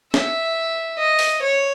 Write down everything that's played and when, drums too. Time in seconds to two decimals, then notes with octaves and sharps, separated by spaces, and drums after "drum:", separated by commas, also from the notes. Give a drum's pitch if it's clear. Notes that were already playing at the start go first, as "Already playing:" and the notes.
0.14 E5, drum: snare
0.98 D#5
1.19 drum: open hi-hat
1.42 C#5